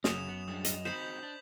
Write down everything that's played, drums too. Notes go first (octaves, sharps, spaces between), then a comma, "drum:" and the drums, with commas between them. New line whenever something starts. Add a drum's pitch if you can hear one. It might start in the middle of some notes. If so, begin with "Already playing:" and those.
F#2 C#3 G#4 D#6 E7 F7, drum: snare
B3
G3 G#3 D4 D#6
D#5, drum: hi-hat
C4 D#4 F#4 C5 B5 G6 B6 F#7
D4